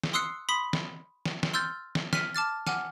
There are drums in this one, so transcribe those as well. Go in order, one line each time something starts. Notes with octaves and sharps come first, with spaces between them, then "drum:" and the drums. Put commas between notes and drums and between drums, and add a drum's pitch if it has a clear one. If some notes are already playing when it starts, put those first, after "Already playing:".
drum: snare
C6 D#6 E6 F#6 C7 C#7
B5 C6 D#6 B6
drum: snare
drum: snare
drum: snare
C6 E6 F6 G6 A6
drum: snare
F6 B6 D#7, drum: snare
A5 D6 F6 A6
F#5 G#5 D6 F6, drum: snare